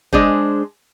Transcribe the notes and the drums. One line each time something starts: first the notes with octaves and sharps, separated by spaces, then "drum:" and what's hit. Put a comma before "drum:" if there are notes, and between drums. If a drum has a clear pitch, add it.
G#3 D4 G#4 C5, drum: kick F1